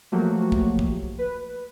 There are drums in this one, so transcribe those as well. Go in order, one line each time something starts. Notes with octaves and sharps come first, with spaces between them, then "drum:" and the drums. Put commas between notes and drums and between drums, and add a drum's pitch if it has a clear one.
F3 F#3 A3 A#3 F#4 G4
drum: kick
drum: kick
B4